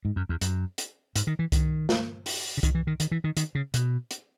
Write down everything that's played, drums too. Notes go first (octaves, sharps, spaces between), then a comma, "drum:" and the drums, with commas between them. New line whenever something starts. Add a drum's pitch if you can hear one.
G#2
F#2
E2
F#2, drum: hi-hat
drum: hi-hat
G#2, drum: hi-hat
D#3
E3
D#3, drum: kick C2, hi-hat
drum: snare
drum: open hi-hat
C#3
D#3, drum: kick C2, hi-hat
E3
D#3
D#3, drum: hi-hat
E3
D#3
D#3, drum: hi-hat
C#3
B2, drum: hi-hat
drum: hi-hat